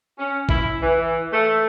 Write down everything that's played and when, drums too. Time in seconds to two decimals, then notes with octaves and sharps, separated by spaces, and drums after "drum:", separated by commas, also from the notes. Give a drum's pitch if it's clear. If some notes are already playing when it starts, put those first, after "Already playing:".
0.18 C#4
0.49 E4, drum: kick
0.82 E3
1.32 A3